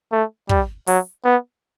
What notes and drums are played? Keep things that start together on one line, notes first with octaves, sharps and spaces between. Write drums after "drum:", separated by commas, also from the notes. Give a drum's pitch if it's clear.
A3
G3, drum: kick
F#3, drum: open hi-hat
B3